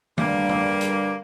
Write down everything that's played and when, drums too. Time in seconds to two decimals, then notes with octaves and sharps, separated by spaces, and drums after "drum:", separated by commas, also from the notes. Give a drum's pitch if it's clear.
0.18 G2 D3 G3 A#3, drum: tom D#3
0.49 drum: tom D#3
0.81 drum: hi-hat